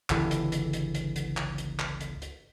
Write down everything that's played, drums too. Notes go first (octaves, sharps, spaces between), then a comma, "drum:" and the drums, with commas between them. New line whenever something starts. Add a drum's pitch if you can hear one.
G1 C#2 D3 E3, drum: clap
drum: hi-hat
drum: hi-hat
drum: hi-hat
drum: hi-hat
drum: hi-hat
drum: clap
drum: hi-hat
drum: clap
drum: hi-hat
drum: hi-hat